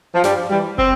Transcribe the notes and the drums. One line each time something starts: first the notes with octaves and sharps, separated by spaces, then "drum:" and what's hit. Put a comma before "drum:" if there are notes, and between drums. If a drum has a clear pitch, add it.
F3
G2 G3, drum: snare
E3 G3
C4, drum: kick